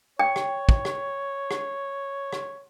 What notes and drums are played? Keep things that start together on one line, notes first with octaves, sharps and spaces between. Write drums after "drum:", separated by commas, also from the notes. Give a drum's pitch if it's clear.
C#5 G5
drum: rim click
drum: kick
drum: rim click
drum: rim click
drum: rim click